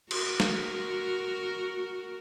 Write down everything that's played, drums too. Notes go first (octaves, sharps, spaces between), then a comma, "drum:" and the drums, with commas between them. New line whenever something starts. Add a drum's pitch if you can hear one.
F#4 A#4, drum: cymbal
drum: snare